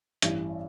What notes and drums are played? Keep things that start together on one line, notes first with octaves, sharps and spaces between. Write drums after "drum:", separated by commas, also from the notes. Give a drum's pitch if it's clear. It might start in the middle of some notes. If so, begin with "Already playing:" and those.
A1 G2 E3, drum: hi-hat